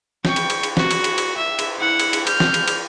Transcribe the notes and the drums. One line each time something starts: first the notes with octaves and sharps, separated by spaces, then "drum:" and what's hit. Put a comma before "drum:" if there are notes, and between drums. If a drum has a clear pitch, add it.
G5 C#6, drum: snare
drum: cymbal
drum: cymbal
drum: cymbal
F#4, drum: snare
drum: cymbal
drum: cymbal
drum: cymbal
E5
drum: cymbal
E4 F#5
drum: cymbal
drum: cymbal
F6 G6, drum: cymbal
drum: snare
drum: cymbal
drum: cymbal